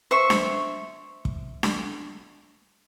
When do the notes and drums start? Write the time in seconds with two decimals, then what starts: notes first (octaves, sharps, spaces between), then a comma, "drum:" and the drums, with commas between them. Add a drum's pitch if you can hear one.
0.11 C5 E5 C#6
0.30 drum: snare D4
1.25 drum: kick
1.63 drum: snare D4